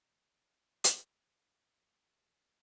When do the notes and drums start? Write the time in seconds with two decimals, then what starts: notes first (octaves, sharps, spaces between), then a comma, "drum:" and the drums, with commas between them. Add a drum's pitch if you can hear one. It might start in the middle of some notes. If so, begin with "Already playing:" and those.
0.17 D#2 G4
0.84 drum: hi-hat